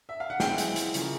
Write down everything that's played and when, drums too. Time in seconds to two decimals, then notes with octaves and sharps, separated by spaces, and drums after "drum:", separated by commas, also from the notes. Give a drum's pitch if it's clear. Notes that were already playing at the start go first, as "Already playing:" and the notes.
0.09 E5
0.20 F5
0.30 F#5
0.40 E3 G#3 C4 E4 G5, drum: snare
0.58 drum: hi-hat
0.76 drum: hi-hat
0.94 C#3 F3 A#3, drum: hi-hat